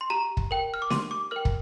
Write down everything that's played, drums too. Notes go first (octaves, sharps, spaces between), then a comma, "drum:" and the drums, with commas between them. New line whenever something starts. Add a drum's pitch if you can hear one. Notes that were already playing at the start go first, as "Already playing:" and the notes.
C6
G4 A#5
drum: kick
A#4 G5
F6
D6
G4 C6, drum: snare
D6
A#4 G5 F6
drum: kick